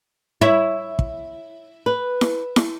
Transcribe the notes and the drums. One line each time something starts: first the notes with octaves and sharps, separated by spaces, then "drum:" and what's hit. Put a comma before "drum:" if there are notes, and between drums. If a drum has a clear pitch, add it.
E4 C#5
drum: kick
B4
drum: snare E4
drum: snare E4